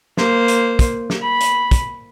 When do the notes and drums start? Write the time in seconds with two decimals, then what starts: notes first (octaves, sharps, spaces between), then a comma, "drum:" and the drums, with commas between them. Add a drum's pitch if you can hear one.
0.18 A#3 C5, drum: snare
0.48 drum: hi-hat
0.79 drum: kick, hi-hat
1.10 drum: snare
1.22 B5
1.41 drum: hi-hat
1.71 drum: kick, hi-hat